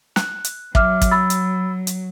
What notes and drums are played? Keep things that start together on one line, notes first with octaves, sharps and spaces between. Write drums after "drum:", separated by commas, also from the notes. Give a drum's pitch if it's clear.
F#6, drum: snare
drum: hi-hat
F#3 E5 D6 F6, drum: kick
drum: kick, hi-hat
B5 E6 A6
drum: hi-hat
drum: hi-hat